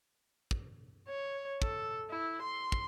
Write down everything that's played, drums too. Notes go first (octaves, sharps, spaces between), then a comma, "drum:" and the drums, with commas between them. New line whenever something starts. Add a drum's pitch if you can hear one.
drum: kick
C#5
A4, drum: kick
E4
C6
drum: kick